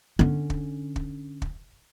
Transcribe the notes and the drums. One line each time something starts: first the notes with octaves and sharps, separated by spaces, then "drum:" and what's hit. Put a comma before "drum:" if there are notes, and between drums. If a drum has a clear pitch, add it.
D3 C#4
drum: kick
drum: kick
drum: kick